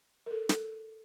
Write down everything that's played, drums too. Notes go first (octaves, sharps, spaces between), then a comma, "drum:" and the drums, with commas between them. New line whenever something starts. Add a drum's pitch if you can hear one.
A#4
A4
A4, drum: snare